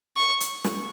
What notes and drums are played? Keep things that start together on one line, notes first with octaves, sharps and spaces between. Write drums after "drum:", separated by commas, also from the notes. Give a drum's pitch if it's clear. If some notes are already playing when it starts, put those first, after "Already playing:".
C#6
drum: hi-hat
drum: snare